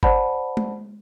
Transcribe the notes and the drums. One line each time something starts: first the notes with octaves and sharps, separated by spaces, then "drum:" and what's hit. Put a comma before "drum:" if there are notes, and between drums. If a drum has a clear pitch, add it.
C5 D5 F#5 A5 B5, drum: kick G1
drum: tom G#3